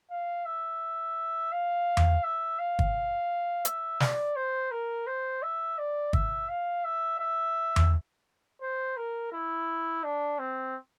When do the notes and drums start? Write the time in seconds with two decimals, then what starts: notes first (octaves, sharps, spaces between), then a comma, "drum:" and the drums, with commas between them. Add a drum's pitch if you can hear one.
0.10 F5
0.45 E5
1.52 F5
1.97 drum: tom E2
2.24 E5
2.59 F5
2.79 drum: kick
3.65 E5, drum: hi-hat
4.00 D5, drum: snare
4.36 C5
4.72 A#4
5.07 C5
5.43 E5
5.78 D5
6.13 E5, drum: kick
6.49 F5
6.84 E5
7.20 E5
7.76 drum: tom E2
8.62 C5
8.97 A#4
9.33 E4
10.04 D4
10.39 C4